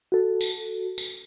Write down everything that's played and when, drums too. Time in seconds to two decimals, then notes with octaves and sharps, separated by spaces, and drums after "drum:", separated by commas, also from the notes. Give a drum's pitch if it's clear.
0.12 F#4 A4
0.41 drum: tambourine
0.98 drum: tambourine